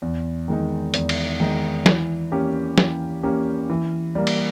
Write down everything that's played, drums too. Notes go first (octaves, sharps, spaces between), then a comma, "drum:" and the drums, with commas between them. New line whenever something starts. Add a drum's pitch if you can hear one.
E2
D#3 G#3 D#4
E2, drum: hi-hat
drum: cymbal
D#3 G#3 D#4
E3, drum: snare
A#3 C#4 G4
E3, drum: snare
A#3 C#4 G4
E3
G3 A#3
drum: cymbal